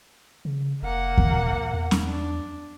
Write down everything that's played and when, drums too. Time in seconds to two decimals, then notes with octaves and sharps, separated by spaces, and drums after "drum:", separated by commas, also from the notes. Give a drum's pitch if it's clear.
0.45 C#3
0.83 F1 A#3 F#5
1.18 drum: kick D#2
1.31 A#2
1.73 E2
1.91 drum: snare
2.07 D4